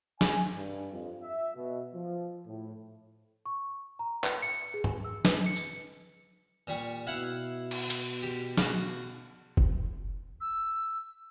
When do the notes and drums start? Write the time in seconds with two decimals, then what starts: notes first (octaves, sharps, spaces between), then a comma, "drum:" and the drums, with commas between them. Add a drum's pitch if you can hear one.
0.21 G#5, drum: snare
0.54 G2
0.92 F2
1.22 E5
1.56 B2
1.94 F3
2.47 A2
3.46 C#6
3.99 A#5
4.24 B4, drum: clap
4.42 C#7
4.74 G#4
4.84 drum: tom G2
5.05 E6
5.25 B4, drum: snare
5.46 C#7
5.56 drum: tambourine
6.67 A#2 G3 C#6
7.07 B2 E4 F5 F#5
7.71 drum: cymbal
7.90 drum: hi-hat
8.23 G4
8.57 F#4 F5, drum: snare
9.57 drum: kick F1
10.40 E6